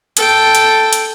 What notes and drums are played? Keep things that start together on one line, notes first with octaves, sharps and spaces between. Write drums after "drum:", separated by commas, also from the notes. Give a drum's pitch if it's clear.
A4 G5, drum: hi-hat
drum: hi-hat
drum: hi-hat